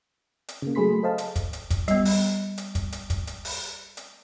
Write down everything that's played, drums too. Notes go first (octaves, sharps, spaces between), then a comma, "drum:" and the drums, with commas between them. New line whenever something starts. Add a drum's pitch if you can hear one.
drum: hi-hat
C#3 A#3
F#3 A3 G#4 B5 C6 B6
A4 C5 D#5 F5 A5
drum: hi-hat
drum: kick, hi-hat
drum: hi-hat
drum: kick, hi-hat
G3 B3, drum: hi-hat
drum: open hi-hat
drum: hi-hat
drum: kick, hi-hat
drum: hi-hat
drum: kick, hi-hat
drum: hi-hat
drum: open hi-hat
drum: hi-hat